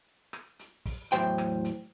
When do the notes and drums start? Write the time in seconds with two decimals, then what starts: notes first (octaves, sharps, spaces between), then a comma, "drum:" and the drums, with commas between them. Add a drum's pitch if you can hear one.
0.33 drum: rim click
0.59 drum: hi-hat
0.86 drum: kick, open hi-hat
1.12 E2 A2 F#3 C5 G5, drum: hi-hat
1.38 drum: rim click
1.65 drum: hi-hat